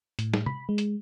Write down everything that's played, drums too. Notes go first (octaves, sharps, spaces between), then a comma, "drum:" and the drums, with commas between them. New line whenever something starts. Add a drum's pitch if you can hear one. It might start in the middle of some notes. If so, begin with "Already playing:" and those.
A2, drum: hi-hat
drum: snare
B5, drum: tom
G#3
drum: hi-hat